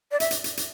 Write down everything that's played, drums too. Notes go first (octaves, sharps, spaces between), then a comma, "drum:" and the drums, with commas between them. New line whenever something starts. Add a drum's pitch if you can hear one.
D5
E5, drum: hi-hat
drum: hi-hat
drum: hi-hat
drum: hi-hat